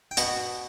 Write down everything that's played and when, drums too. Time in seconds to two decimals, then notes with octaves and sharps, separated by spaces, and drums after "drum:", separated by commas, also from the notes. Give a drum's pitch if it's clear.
0.11 G5
0.17 B2 F#4 F#5, drum: hi-hat